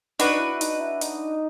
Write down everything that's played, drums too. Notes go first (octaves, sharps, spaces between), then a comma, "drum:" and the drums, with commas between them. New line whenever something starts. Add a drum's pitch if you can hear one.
D4 D#4 F#4 B4, drum: hi-hat
E4
D#4, drum: hi-hat
E4
D#4, drum: hi-hat